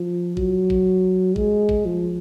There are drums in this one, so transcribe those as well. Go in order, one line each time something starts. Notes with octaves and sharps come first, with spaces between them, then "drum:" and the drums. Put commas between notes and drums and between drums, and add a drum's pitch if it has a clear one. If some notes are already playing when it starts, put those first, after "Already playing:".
Already playing: F3
F#3, drum: kick
drum: kick
G#3, drum: kick
drum: kick
F3